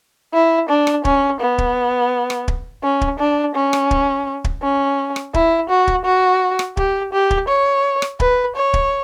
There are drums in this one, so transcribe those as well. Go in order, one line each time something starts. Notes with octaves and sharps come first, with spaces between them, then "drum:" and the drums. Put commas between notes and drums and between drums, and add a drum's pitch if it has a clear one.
E4
D4
drum: rim click
C#4, drum: kick
B3
drum: kick
drum: rim click
drum: kick
C#4
drum: kick
D4
C#4
drum: rim click
drum: kick
drum: kick
C#4
drum: rim click
E4, drum: kick
F#4
drum: kick
F#4
drum: rim click
G4, drum: kick
G4
drum: kick
C#5
drum: rim click
B4, drum: kick
C#5
drum: kick